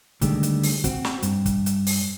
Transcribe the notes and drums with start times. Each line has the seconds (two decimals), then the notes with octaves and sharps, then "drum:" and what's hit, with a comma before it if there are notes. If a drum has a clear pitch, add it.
0.21 D2 D3 D#3 G3 G#3, drum: kick, hi-hat
0.43 drum: hi-hat
0.63 drum: open hi-hat
0.84 C4 F#4, drum: kick, hi-hat
1.05 drum: snare
1.22 G2, drum: hi-hat
1.46 drum: kick, hi-hat
1.66 drum: hi-hat
1.87 drum: open hi-hat